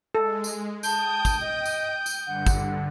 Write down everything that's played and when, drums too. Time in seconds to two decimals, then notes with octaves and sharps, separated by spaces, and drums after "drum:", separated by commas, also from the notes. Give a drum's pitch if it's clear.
0.15 G#3 A4
0.44 drum: tambourine
0.83 G5 A5 D#6 G6, drum: tambourine
1.25 drum: kick, tambourine
1.40 D#5
1.65 drum: tambourine
2.06 drum: tambourine
2.26 G2 D3 F#5
2.47 drum: kick, tambourine